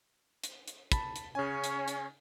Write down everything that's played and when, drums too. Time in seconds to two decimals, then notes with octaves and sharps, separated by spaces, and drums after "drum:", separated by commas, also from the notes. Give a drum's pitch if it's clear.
0.44 drum: hi-hat
0.68 drum: hi-hat
0.92 A5 B5, drum: kick, hi-hat
1.16 drum: hi-hat
1.35 C#3 C#4 G#5
1.64 drum: hi-hat
1.88 drum: hi-hat